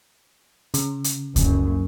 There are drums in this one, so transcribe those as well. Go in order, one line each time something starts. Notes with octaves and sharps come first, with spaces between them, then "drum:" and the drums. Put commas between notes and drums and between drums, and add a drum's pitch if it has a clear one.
C#3, drum: hi-hat
drum: hi-hat
F#1 F#2, drum: kick C#2, hi-hat